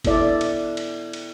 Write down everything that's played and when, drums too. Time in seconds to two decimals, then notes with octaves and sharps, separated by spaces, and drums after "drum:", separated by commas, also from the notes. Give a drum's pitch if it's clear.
0.05 B3 E4 A4 D5 E5, drum: kick G1, cymbal
0.41 drum: cymbal
0.77 drum: cymbal
1.13 drum: cymbal